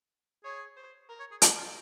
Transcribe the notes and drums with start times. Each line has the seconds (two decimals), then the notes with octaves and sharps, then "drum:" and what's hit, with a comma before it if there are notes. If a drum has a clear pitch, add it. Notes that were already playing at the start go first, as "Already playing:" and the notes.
0.44 G#4 C#5
0.77 C5
1.09 A#4
1.20 C#5
1.31 G#4
1.42 G4, drum: hi-hat
1.58 F4